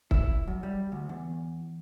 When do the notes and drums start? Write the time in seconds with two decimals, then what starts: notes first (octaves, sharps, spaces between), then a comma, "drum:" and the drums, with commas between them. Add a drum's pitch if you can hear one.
0.11 E4, drum: kick C#1
0.48 F#2
0.63 G3
0.92 D2
1.09 E2